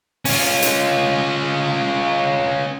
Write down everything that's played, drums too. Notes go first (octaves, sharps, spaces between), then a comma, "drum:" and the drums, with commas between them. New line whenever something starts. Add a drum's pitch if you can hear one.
C#4 F4, drum: open hi-hat
drum: hi-hat